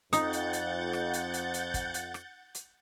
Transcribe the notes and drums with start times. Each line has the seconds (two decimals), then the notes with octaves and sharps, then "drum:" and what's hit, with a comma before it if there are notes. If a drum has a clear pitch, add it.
0.13 F2 D#4 F#5 G6 A6, drum: hi-hat
0.33 drum: hi-hat
0.53 drum: hi-hat
0.93 drum: rim click
1.13 drum: hi-hat
1.34 drum: hi-hat
1.54 drum: hi-hat
1.74 drum: kick, hi-hat
1.94 drum: hi-hat
2.14 drum: rim click
2.55 drum: hi-hat